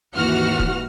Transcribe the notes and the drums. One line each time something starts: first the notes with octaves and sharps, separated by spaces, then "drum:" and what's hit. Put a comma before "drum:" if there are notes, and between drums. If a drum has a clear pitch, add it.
G#1 D#2 E3 F#4 F#5 F6
drum: kick